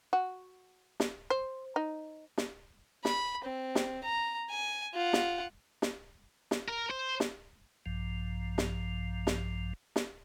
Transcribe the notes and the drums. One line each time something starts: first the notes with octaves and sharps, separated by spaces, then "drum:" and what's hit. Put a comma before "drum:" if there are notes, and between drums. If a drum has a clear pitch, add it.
F#4
drum: snare
C5
D#4
drum: snare
B5, drum: snare
C4
drum: snare
A#5
G#5
F4 F#5
drum: snare
drum: snare
drum: snare
A#4
C5
drum: snare
A#1 G2 F3
drum: snare
drum: snare
drum: snare